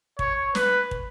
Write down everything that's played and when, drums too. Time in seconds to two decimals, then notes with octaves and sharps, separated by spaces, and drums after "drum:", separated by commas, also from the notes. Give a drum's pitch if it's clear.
0.19 C#5, drum: kick
0.55 B4, drum: snare
0.91 drum: kick